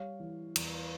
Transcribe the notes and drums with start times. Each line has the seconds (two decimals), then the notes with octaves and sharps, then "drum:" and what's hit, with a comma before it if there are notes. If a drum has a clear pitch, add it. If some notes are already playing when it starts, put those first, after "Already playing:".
Already playing: G3 C#5 F5
0.20 E3
0.56 E2, drum: cymbal